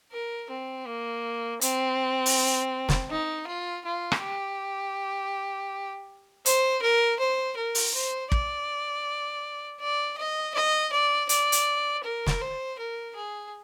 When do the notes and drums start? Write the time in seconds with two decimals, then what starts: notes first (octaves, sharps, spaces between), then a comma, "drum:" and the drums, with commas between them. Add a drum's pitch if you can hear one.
0.12 A#4
0.50 C4
0.87 A#3
1.61 C4, drum: hi-hat
2.26 drum: open hi-hat
2.89 drum: snare
3.10 D#4
3.47 F4
3.85 F4
4.12 drum: rim click
4.22 G4
6.46 C5, drum: hi-hat
6.82 A#4
7.19 C5
7.57 A#4
7.75 drum: open hi-hat
7.94 C5
8.32 D5, drum: kick
9.80 D5
10.18 D#5
10.54 D#5
10.93 D5
11.29 D5, drum: hi-hat
11.52 drum: hi-hat
12.04 A#4
12.26 drum: snare
12.41 C5
12.79 A#4
13.16 G#4